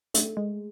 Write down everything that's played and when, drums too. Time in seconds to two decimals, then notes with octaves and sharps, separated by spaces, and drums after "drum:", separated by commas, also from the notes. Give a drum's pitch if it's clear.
0.14 A3, drum: hi-hat
0.37 G#3